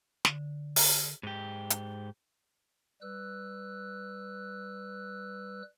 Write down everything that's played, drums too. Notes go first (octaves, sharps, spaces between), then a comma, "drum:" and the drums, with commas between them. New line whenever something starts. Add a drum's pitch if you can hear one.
D3, drum: snare
drum: open hi-hat
G#2 G4
drum: hi-hat
G3 B4 E6 F#6